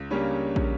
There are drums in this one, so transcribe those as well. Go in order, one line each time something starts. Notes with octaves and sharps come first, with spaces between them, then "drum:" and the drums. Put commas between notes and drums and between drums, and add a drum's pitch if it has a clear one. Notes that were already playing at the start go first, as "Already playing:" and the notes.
Already playing: C#2
C#3 G3 A#3 C#4 D4 C#5
drum: kick